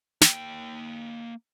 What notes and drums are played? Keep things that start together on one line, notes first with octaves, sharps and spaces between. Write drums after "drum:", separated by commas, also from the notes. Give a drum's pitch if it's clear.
A#3 G5, drum: snare